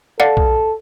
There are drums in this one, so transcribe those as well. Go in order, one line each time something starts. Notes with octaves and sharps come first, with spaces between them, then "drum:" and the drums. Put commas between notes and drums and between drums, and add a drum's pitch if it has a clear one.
A4 D5 F5 F#5
drum: kick A#1